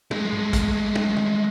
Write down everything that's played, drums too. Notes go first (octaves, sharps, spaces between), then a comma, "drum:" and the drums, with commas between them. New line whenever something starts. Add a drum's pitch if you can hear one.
G#3 A3, drum: tom
drum: tom G#2
drum: kick, hi-hat
drum: tom
drum: tom